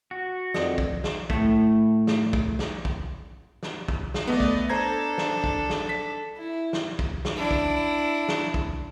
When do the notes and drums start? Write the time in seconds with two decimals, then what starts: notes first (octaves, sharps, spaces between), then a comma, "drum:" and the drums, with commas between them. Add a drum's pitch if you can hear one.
0.11 F#4
0.54 F2 A#4 D5 D#5, drum: snare
0.78 drum: kick
1.04 drum: snare
1.30 A2 A3, drum: kick
2.07 drum: snare
2.33 drum: kick
2.59 drum: snare
2.85 drum: kick
3.63 drum: snare
3.88 drum: kick
4.14 drum: snare
4.27 A3 B3 D5 D#5
4.40 drum: kick
4.69 D4 A4 C5 A#5 G#6
5.18 drum: snare
5.44 drum: kick
5.70 drum: snare
5.89 B6
6.37 E4
6.73 drum: snare
6.99 drum: kick
7.25 drum: snare
7.36 D4 E4
7.51 drum: kick
8.28 drum: snare
8.54 drum: kick